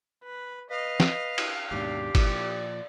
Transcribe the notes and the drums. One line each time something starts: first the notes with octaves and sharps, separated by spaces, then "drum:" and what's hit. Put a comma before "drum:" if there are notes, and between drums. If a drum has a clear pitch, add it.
B4
B4 D#5 F5
drum: snare
drum: cymbal
D#2 G#2 B2 D4 G4
A#2 F3 D5, drum: kick, cymbal